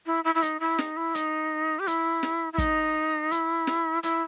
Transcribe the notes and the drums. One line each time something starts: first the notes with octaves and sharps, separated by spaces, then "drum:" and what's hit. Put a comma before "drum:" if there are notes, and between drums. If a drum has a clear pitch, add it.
E4
E4
E4
D#4, drum: hi-hat
E4
D#4, drum: snare
E4
D#4, drum: hi-hat
G4
E4, drum: hi-hat
drum: snare
E4
D#4, drum: kick, hi-hat
E4, drum: hi-hat
drum: snare
E4, drum: hi-hat